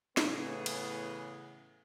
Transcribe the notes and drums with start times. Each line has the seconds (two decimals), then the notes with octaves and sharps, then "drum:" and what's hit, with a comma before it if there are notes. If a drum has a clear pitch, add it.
0.17 A2 C#3 E3 B3 G#4, drum: snare
0.66 drum: cymbal